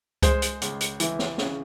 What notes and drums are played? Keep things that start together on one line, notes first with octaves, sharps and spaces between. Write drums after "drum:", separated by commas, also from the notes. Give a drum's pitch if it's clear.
G#3 C5, drum: kick C#2, hi-hat
drum: hi-hat
C#2, drum: hi-hat
drum: hi-hat
E3, drum: hi-hat
drum: snare
C#3, drum: snare